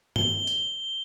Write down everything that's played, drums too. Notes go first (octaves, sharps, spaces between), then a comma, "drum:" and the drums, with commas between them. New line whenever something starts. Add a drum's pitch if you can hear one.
G7, drum: tom G2
drum: hi-hat